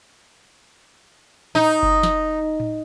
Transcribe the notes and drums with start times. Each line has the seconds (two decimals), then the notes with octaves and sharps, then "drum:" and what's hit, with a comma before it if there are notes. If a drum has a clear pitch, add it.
1.55 D#4, drum: tom A2
1.83 drum: kick F#1
2.03 drum: snare
2.60 drum: tom A2